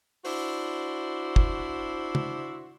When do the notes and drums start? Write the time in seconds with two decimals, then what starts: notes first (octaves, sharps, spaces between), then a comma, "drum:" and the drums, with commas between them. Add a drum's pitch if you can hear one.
0.25 D4 E4 F#4 C5, drum: open hi-hat
1.36 drum: kick
2.15 drum: tom